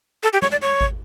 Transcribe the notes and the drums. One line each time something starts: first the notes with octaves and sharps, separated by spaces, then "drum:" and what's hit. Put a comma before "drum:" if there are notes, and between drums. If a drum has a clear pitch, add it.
A4
G4
C#5, drum: snare
D5
C#5
drum: kick G#1